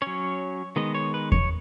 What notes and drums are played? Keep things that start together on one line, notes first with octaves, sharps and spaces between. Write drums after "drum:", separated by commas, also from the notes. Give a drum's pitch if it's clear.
F#3 C#4 C#5
D#3 G#3 B3 D#5
C#5
B4
C#5, drum: kick E2